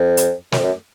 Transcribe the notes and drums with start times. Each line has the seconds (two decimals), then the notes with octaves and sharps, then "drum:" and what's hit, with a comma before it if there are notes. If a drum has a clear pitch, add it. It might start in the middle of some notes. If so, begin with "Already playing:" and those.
Already playing: F2
0.17 drum: hi-hat
0.52 F#2, drum: snare
0.59 F2
0.63 F#2